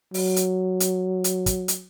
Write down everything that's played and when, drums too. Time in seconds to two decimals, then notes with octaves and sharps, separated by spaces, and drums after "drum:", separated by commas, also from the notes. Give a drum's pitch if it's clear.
0.14 F#3, drum: open hi-hat
0.36 drum: hi-hat
0.80 drum: hi-hat
1.24 drum: hi-hat
1.46 drum: kick, hi-hat
1.68 drum: hi-hat